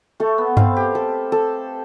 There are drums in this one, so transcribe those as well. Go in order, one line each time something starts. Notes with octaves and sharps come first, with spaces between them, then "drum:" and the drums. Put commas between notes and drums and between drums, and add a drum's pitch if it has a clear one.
A3 A4
B3
C4 F5, drum: tom G2
G4
A4
A4